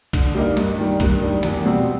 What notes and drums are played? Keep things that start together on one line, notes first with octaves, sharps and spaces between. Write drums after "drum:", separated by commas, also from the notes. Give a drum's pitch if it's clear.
D3, drum: kick B1, cymbal
G3 A#3 D#4
G2, drum: cymbal
D#3 G3
G2, drum: kick B1, cymbal
D#3 G3
E2, drum: cymbal
B2 G3 C4